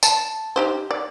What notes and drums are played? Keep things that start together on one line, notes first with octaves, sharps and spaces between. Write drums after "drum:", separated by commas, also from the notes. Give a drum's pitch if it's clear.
A5, drum: tambourine
D#4 G4 C5
D5